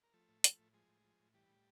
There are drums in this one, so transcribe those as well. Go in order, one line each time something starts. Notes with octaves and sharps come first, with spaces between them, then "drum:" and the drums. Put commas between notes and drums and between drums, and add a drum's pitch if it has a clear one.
A#4
F3 A3 A4
A2
F3, drum: hi-hat
A2
F3 G#3 G#4
A2
F3
A2
E3 G3 G4
A2